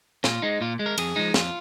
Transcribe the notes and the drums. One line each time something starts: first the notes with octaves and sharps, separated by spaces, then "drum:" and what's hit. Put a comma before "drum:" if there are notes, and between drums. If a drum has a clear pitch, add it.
A#2 F4, drum: snare
G#3 D#4
A#2 F4
G#3
A#4
F2 G#4, drum: cymbal
F3 G#3 D#4
F2 F4, drum: snare